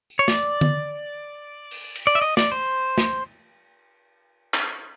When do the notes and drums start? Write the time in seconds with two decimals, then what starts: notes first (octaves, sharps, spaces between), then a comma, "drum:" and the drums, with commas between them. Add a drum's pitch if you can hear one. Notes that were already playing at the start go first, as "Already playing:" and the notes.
0.10 drum: tambourine
0.19 C#5
0.28 D5, drum: snare
0.61 drum: tom D3
1.71 drum: open hi-hat
1.95 drum: cymbal
2.07 D5
2.15 E5
2.22 D#5
2.37 D5, drum: snare
2.52 C5
2.98 drum: snare
4.54 drum: clap